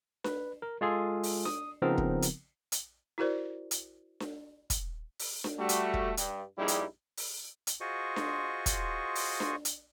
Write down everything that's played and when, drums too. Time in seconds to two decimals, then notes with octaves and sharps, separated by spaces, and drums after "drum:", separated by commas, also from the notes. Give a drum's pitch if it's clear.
0.24 B4, drum: snare D4
0.62 A#4
0.81 G#3 F4 G#4 A4
1.23 drum: open hi-hat
1.45 D#6, drum: snare D4
1.82 C#3 F3 B3 C4 D#4 A#4
1.98 drum: kick
2.22 drum: hi-hat
2.72 drum: hi-hat
3.18 E4 F#4 A#4 C5 D5
3.71 drum: hi-hat
4.20 drum: snare D4
4.70 drum: kick, hi-hat
5.19 drum: open hi-hat
5.44 drum: snare D4
5.58 G3 A3 F#4
5.69 drum: hi-hat
5.94 drum: kick
6.17 G2, drum: hi-hat
6.57 A#1 G2 G3 D#4 E4 G#4
6.68 drum: hi-hat
7.17 drum: open hi-hat
7.67 drum: hi-hat
7.81 F4 F#4 G#4 C5 D#5 C#6
8.16 drum: snare D4
8.66 drum: kick, hi-hat
9.15 drum: open hi-hat
9.40 drum: snare D4
9.65 drum: hi-hat